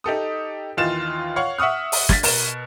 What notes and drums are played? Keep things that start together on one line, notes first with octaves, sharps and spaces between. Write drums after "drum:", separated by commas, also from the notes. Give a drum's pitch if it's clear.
D#4 G4 A4 D#6
D#2 E3 F4 D#5 A6 E7
C#5 F5 F#5 C#6
E5 F#5 C#6 D#6 F6
drum: open hi-hat
G#6 A6 B6, drum: snare
B2 A#4 E7, drum: open hi-hat